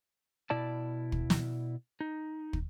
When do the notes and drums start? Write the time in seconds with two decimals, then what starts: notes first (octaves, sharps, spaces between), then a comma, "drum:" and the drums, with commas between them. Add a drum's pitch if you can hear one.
0.50 B2 E4 D5 A5
1.12 drum: kick
1.30 drum: snare
2.01 D#4
2.53 drum: kick